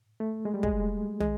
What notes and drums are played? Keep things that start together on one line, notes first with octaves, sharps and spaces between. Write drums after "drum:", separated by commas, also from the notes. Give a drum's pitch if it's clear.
A3
G#3
G3
G#3, drum: kick
G#3, drum: tom